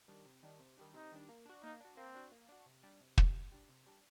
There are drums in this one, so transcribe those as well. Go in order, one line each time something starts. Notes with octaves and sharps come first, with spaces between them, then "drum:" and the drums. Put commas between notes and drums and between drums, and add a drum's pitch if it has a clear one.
D#3 G3 D4
C3
D#3 G3 D4
C3
D#3 G3 D4
C3 D#4
D#3 G3 D4
A#3
D4 F#4
A#3 D#4
D4 F#4
A#3 C4
D4 F#4
A#3
D4 F#4
C3
G3 D4
C3
G3 D4, drum: kick
C3
G3 D4
C3
G3 D4